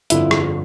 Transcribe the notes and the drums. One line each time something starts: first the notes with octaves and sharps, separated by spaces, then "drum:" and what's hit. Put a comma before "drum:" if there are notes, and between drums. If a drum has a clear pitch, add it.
G1 F2 D3 F3 E4, drum: hi-hat
drum: rim click